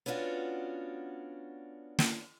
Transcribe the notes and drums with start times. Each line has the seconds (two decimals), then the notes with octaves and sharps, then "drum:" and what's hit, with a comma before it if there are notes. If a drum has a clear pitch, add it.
0.06 B3 C#4 D4 F4 F#4
1.99 drum: snare